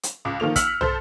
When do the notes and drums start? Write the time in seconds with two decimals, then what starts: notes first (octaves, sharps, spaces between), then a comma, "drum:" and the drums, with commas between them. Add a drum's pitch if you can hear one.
0.03 drum: hi-hat
0.25 C#2 D6
0.40 D#3 F3 A#3 F7
0.56 E6 F6 B6 C#7 F#7, drum: kick, hi-hat
0.81 A4 C5, drum: tom